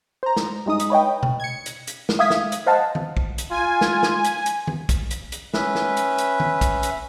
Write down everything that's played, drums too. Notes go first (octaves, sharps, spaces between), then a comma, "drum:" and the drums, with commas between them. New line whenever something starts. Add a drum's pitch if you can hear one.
C5 A#5
drum: snare
G2 G#3 D#4 D#6
drum: hi-hat
B4 C#5 D#5 G5
drum: tom B2
G#6 C#7
drum: hi-hat
drum: hi-hat
drum: snare
E5 F5 D#6 G#6 B6
drum: snare
drum: hi-hat
C5 D#5 F5 F#5 A5
drum: tom D#3
drum: kick
drum: hi-hat
F4 G#5
drum: snare
drum: snare
drum: hi-hat
drum: hi-hat
drum: tom D#3
drum: kick, hi-hat
drum: hi-hat
drum: hi-hat
C#4 B4 E5, drum: snare
drum: snare
drum: hi-hat
drum: hi-hat
drum: tom D#3
drum: kick, hi-hat
drum: hi-hat